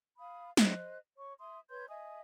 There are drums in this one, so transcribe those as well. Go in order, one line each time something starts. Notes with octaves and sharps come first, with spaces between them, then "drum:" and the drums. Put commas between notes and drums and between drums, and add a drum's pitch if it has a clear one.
F5 B5 D#6
C5 D#5 F#6, drum: snare
C#5 C#6
E5 C6 D#6
B4 C#5 C6 G6
D#5 E5 G#5 D#6